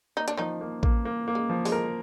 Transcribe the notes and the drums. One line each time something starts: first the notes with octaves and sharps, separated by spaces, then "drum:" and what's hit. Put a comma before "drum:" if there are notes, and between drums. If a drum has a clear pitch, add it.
A#3 D#4
D4, drum: hi-hat
D#3 F3 D#4
A#3
A#3, drum: kick A1
A#3
A#3
G#3
F3
G#3, drum: open hi-hat
A#4